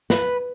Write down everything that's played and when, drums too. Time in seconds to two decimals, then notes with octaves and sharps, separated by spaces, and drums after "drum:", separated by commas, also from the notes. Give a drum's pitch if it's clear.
0.10 B4, drum: snare